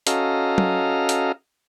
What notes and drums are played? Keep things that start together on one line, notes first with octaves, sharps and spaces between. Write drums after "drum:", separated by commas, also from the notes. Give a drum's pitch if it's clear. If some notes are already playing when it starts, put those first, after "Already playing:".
C#4 F#4 A4 D#5 F5 A#5, drum: hi-hat
drum: tom
drum: hi-hat